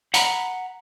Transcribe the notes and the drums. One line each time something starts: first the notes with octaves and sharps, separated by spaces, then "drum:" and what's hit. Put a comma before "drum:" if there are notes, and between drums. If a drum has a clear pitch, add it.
F#5 A#5 B5, drum: hi-hat